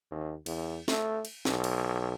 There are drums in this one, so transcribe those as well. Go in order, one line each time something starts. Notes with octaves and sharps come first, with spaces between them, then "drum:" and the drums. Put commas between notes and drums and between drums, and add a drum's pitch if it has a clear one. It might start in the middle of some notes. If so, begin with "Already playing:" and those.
D#2
E2, drum: cymbal
A3, drum: snare
drum: cymbal
B1, drum: snare
drum: cymbal